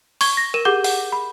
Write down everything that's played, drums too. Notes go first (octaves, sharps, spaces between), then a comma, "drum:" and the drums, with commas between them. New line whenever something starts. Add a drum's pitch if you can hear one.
C#6 G#6 G7, drum: open hi-hat
A#6
A#4 D#7 E7
G4 G#4 F#5 D6 G6 G7
F#5, drum: open hi-hat
B5